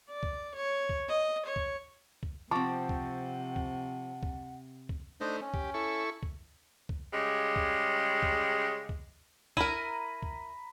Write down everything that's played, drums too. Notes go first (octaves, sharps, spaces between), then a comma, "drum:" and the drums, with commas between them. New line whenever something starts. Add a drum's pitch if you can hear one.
D5
drum: kick
C#5
drum: kick
D#5
C#5
drum: kick
drum: kick
C3 F3 C4 F#5 A5 C#6 D6
drum: kick
drum: kick
drum: kick
drum: kick
A3 D4 D#4 C5 D#5
C#4
G4, drum: kick
E4 A4 C#6
drum: kick
drum: kick
C#3 G3 G#3
drum: kick
drum: kick
drum: kick
E4 A#4 A#5 B5 D#7, drum: kick
drum: kick